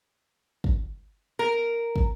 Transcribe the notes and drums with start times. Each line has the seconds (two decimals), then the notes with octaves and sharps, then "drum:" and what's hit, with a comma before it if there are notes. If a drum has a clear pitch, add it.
0.64 drum: kick
1.39 A#4
1.96 drum: kick